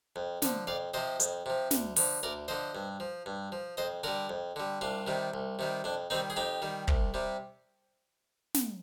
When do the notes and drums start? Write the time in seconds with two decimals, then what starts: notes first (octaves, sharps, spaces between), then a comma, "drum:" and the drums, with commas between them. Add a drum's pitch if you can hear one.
0.16 F2
0.42 D3 F3, drum: snare
0.67 F2 D5 F5
0.94 C3 F3 C5 D#5
1.20 F2, drum: hi-hat
1.46 C3 F3
1.71 D2, drum: snare
1.96 D3 F3, drum: open hi-hat
2.23 D2 A#4 D5
2.48 D3 F3 C5 D#5
2.75 G2
3.00 F3
3.26 G2
3.52 F3
3.77 F2 C5 D#5
4.04 D3 G3 A#4 D5
4.30 F2
4.56 D3 G3
4.81 C2 D4 F4
5.07 C3 D#3 G3
5.34 C2
5.59 C3 D#3 G3
5.84 F2 D4
6.10 D#3 G3 C4 D#4
6.30 G#4
6.36 F2 D#4 G4
6.62 D#3 G3
6.88 C2, drum: kick
7.14 C3 G3
8.54 drum: snare